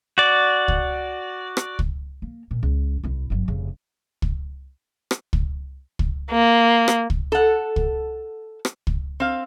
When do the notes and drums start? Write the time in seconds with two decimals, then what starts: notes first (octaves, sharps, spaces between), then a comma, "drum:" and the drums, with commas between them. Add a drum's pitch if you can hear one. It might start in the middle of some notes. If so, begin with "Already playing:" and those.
0.18 F#4 D5
0.68 drum: kick
1.57 drum: rim click
1.79 drum: kick
2.22 A#3
2.51 A#2
2.63 C#2
3.04 C2 E4
3.30 G1 F#3
3.48 F1 C#3
4.22 drum: kick
5.11 drum: rim click
5.33 drum: kick
5.99 drum: kick
6.31 A#3
6.88 drum: rim click
7.10 drum: kick
7.32 A4 F#5
7.76 drum: kick
8.65 drum: rim click
8.87 drum: kick
9.20 C4 F5